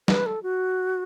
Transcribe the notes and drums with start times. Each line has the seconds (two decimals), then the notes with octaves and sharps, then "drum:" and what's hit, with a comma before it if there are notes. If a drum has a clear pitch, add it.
0.08 B4, drum: snare
0.26 A4
0.43 F#4